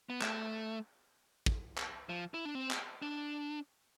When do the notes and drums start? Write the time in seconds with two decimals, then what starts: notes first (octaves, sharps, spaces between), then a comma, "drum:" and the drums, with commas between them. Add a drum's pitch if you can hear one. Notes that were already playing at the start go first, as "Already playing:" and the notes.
0.10 B3
0.22 A3, drum: clap
1.46 drum: kick
1.78 drum: clap
2.09 F3
2.34 E4
2.45 D4
2.55 C4
2.71 drum: clap
3.02 D4